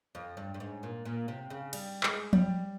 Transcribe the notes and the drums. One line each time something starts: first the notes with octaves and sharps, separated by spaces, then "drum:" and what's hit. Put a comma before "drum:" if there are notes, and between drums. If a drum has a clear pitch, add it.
F2
G2
G2
G#2
A#2
A#2
C3
C#3
G3, drum: cymbal
G#3, drum: clap
G3, drum: tom F3